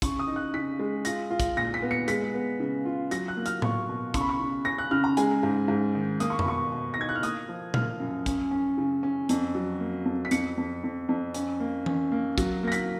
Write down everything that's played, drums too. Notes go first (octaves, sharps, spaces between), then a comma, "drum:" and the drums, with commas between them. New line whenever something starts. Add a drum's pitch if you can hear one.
C#3 C#6, drum: kick, hi-hat
D#6
D#4
F#6
C#3 B6
G#3
F4 A#6, drum: hi-hat
F4
drum: kick, hi-hat
A#2 A#6
B6
B3
C#7
G#3 B6, drum: hi-hat
B3
C#3
F4
F#3 A#6, drum: hi-hat
F#6
A#3
F6, drum: hi-hat
A#3 C#6, drum: tom A2
B2
C#3 C#6, drum: kick, hi-hat
B5
C#6
C#3
C#4 A#6
F#6
C#3 F6
A#5
G#3 G#5, drum: hi-hat
G#2
G#2
D#3
A#3 D#6, drum: hi-hat
C#6
B5, drum: tom F2
B2 C#6
B2
A#6
D#4 G#6
F#6
F6
A#3 D#6, drum: hi-hat
F3
A#3 F6, drum: tom A#2
F#2
C#4, drum: kick, hi-hat
C#4
C#3
C#4
F2, drum: hi-hat
F#3
A#3
F2
B6
F2 C#7, drum: hi-hat
F2
F2
F2
C#4, drum: hi-hat
A#3
C#4, drum: tom E3
A#3
F#3, drum: kick, hi-hat
A#3 A#6
B6, drum: hi-hat